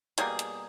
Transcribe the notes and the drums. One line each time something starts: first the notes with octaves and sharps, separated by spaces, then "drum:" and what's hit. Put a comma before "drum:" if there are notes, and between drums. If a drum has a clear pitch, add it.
B2 G3 A#3 G#4, drum: hi-hat
drum: hi-hat